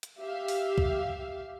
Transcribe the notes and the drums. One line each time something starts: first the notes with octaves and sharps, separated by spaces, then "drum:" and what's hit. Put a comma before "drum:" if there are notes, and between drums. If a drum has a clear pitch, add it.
drum: hi-hat
G4 E5 F5
drum: open hi-hat
drum: kick